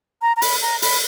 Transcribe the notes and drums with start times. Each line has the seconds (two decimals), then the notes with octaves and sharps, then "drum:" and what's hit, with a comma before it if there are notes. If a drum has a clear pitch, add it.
0.22 A#5
0.37 A#5
0.42 B5, drum: open hi-hat
0.62 A#5
0.82 B5, drum: open hi-hat